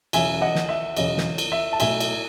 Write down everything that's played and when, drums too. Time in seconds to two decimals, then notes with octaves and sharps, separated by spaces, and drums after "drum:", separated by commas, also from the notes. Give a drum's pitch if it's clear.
0.13 E1 E2 C#3 F#3 C#4 E5 G#5, drum: cymbal
0.41 D#5 F#5
0.55 drum: snare
0.69 E5
0.97 E1 E2 C#3 F#3 C#4 D#5, drum: cymbal
1.18 drum: snare
1.38 drum: cymbal
1.52 E5
1.73 A5
1.80 B1 B2 A3 D#4 E5 G#5, drum: cymbal
2.00 drum: cymbal